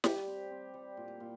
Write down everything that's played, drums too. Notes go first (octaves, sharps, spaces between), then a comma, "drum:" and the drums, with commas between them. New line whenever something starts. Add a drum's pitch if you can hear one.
G3 G4, drum: snare
C4
C4
G3
A#2
A#2